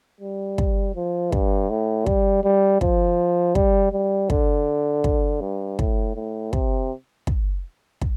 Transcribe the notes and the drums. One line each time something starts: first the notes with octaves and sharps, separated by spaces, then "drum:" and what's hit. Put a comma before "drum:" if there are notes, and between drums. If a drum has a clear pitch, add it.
G3
drum: kick
F3
G2, drum: kick
A2
G3, drum: kick
G3
F3, drum: kick
G3, drum: kick
G3
D3, drum: kick
drum: kick
G2
A2, drum: kick
A2
C3, drum: kick
drum: kick
drum: kick